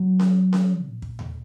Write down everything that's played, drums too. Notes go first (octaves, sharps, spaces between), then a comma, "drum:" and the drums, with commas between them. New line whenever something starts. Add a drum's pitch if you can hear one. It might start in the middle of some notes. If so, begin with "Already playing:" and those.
Already playing: F#3
drum: snare C#4
drum: snare C#4
A#2
drum: kick
drum: tom D#2